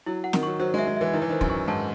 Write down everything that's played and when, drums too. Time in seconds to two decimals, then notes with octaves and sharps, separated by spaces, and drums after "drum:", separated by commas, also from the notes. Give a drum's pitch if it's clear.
0.06 F#3 E4
0.24 F#5
0.33 D#3, drum: snare
0.43 F#3 C#6
0.60 F#3 C5
0.74 G#3
0.79 E5
0.87 G#3
0.97 E3 E5
1.13 D#3 E4
1.22 E3
1.29 D#3 C5
1.41 F#2, drum: kick
1.50 C#6
1.68 G#2 A5